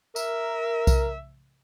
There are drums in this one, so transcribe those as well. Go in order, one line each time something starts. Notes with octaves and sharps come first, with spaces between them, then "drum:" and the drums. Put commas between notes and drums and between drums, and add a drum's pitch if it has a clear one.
A#4 E5, drum: tambourine
drum: kick B1, tambourine